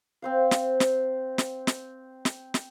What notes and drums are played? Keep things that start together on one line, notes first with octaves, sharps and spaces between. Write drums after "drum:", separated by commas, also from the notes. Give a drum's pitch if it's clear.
C4 C5 F5
drum: snare
drum: snare
drum: snare
drum: snare
drum: snare
drum: snare